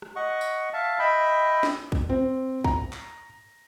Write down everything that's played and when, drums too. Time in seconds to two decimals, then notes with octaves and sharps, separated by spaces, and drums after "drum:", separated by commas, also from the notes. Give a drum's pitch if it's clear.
0.02 drum: rim click
0.16 D#5 F#5 C#6
0.41 drum: tambourine
0.73 E5 F5 A5
0.99 D#5 E5 G5 B5
1.63 drum: snare
1.92 drum: kick
2.09 C4
2.64 A#5, drum: kick
2.93 drum: clap